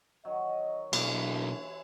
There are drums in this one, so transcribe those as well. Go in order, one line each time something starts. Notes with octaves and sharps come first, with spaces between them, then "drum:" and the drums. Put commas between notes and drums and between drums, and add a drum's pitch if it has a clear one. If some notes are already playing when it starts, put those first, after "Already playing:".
D#3 F#3 D#5
B1 E3 A#3 C#4 D4 E4, drum: cymbal